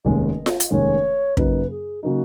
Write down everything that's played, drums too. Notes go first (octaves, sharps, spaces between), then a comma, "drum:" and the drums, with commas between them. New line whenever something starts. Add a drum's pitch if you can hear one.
F1 D#2 D#3 G#3 C#4 D#5
drum: snare F4
drum: hi-hat
F1 D#2 D#3 G#3 C#4 C#5
F#2 C#3 F#3 A#3 D#4 B4, drum: kick
G#4
C#3 F#3 A#3 D#4 F#4